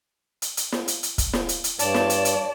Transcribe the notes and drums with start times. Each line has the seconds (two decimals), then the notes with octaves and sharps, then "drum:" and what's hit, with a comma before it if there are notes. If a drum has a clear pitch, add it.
0.42 drum: hi-hat
0.57 drum: hi-hat
0.72 drum: snare
0.88 drum: hi-hat
1.03 drum: hi-hat
1.18 drum: kick, hi-hat
1.33 drum: snare
1.49 drum: hi-hat
1.64 drum: hi-hat
1.79 G2 C#5 D5 A5, drum: hi-hat
1.94 drum: snare
2.10 drum: hi-hat
2.25 drum: hi-hat